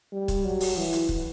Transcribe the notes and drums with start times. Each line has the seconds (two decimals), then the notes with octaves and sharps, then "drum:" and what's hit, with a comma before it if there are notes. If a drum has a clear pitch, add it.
0.12 G3
0.28 drum: kick C#1, hi-hat
0.44 F#3
0.60 drum: open hi-hat
0.76 E3
0.93 drum: hi-hat
1.09 drum: kick C#1